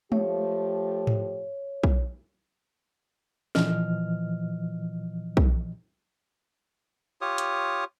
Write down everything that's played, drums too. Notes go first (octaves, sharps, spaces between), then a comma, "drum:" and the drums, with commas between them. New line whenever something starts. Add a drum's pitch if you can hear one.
F3 A3 G4 C#5, drum: tom G#3
drum: tom G#2
drum: kick
A#2 E3 F3 D#5 F6, drum: snare
drum: kick
F4 G4 C#5 D#6
drum: hi-hat